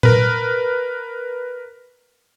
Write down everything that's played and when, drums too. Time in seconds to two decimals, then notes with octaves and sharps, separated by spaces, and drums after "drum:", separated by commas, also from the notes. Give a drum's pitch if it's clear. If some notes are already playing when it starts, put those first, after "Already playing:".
0.03 A#4 B4, drum: tom A#2